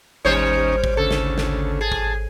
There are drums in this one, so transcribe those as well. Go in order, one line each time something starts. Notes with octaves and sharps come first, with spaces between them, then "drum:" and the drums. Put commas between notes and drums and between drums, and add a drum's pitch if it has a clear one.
G#1 D#2 G3 C#4 D#4 C5 C#5
drum: kick
D2 C#3 A4
drum: snare
drum: snare
G#4 A5
drum: kick